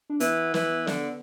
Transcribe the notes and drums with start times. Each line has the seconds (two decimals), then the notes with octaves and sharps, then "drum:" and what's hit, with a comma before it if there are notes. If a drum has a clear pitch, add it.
0.10 D4
0.20 E3 B3, drum: hi-hat
0.54 E3, drum: snare
0.87 D3, drum: snare